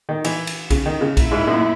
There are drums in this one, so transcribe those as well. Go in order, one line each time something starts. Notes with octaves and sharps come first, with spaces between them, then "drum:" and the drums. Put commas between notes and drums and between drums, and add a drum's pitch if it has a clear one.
D#3
E3, drum: cymbal
drum: cymbal
C#3, drum: kick, cymbal
D#3
C#3
A#2 A#3 E4, drum: kick, cymbal
G#2
F#2